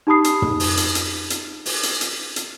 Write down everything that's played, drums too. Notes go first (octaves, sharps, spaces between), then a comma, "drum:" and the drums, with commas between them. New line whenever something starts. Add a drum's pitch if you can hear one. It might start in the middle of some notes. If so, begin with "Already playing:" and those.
D#4 G4 A5 B5 D#6 C7
drum: hi-hat
drum: tom
drum: open hi-hat
drum: hi-hat
drum: hi-hat
drum: hi-hat
drum: open hi-hat
drum: hi-hat
drum: hi-hat
drum: hi-hat